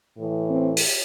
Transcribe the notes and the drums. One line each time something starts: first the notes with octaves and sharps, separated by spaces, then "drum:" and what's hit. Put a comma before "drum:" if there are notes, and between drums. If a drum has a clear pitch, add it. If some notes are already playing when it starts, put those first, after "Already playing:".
A2 E3
C4
drum: open hi-hat